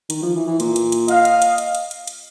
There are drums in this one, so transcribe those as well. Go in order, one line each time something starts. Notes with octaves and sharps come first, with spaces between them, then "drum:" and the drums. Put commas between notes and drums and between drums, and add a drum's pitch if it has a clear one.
D#3, drum: hi-hat
F3
E3
E3
A#2, drum: hi-hat
drum: hi-hat
drum: hi-hat
D#5 F5, drum: hi-hat
drum: hi-hat
drum: hi-hat
drum: hi-hat
drum: hi-hat
drum: hi-hat
drum: hi-hat